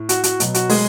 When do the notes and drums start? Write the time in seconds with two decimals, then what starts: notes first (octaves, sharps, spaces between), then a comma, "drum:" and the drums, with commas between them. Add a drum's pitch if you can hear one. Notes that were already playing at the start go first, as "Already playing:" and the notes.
Already playing: A2
0.09 F#4, drum: hi-hat
0.24 F#4, drum: hi-hat
0.40 B2 F#3, drum: hi-hat
0.54 F#4, drum: hi-hat
0.69 G#3 G#4, drum: open hi-hat